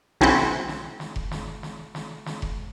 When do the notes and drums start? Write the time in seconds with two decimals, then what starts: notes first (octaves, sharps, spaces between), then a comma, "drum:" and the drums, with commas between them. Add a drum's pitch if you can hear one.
0.21 B1 C4 C#4 E4 C5 F#5
0.37 drum: snare
0.68 drum: snare
1.00 drum: snare
1.16 drum: kick F1
1.31 drum: snare
1.63 drum: snare
1.95 drum: snare
2.26 drum: snare
2.42 drum: kick F1